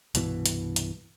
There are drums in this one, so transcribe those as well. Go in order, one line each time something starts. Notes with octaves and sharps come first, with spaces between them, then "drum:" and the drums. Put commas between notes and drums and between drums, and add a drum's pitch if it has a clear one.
C2 G2 B2 E3, drum: hi-hat
drum: hi-hat
drum: hi-hat